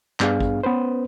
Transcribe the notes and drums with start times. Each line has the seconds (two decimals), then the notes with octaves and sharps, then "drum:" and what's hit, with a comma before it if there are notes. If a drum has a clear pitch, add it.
0.20 G2 B3 D4 G#4 F5, drum: clap
0.40 drum: kick
0.63 B3 C#4 B4 C5